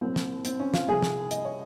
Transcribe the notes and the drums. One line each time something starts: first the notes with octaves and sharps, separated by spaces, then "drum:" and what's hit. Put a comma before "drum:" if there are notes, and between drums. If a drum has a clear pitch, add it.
C2 A#2 F#3 C4
drum: snare
C4, drum: hi-hat
C#4
F4, drum: snare
C2 C3 F3 G#4
drum: snare
D#5, drum: hi-hat
C#5